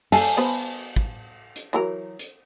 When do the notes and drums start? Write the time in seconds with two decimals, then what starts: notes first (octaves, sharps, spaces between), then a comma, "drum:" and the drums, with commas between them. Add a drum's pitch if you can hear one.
0.12 A4 F5 G#5 A5, drum: cymbal
0.37 B3 B4 C5
0.96 drum: kick
1.56 drum: hi-hat
1.73 E3 F#3 A#4
2.19 drum: hi-hat